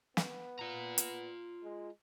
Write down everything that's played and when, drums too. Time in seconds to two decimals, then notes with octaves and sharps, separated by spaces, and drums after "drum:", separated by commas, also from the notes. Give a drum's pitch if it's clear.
0.17 B3, drum: snare
0.59 F4 A#5
0.98 drum: hi-hat
1.64 G#3